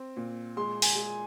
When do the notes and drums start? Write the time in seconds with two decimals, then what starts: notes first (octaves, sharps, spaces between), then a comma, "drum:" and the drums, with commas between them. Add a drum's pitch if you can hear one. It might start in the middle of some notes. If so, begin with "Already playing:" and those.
Already playing: C4
0.17 A#2
0.57 G#3 C6
0.82 G#5, drum: open hi-hat
0.95 G#3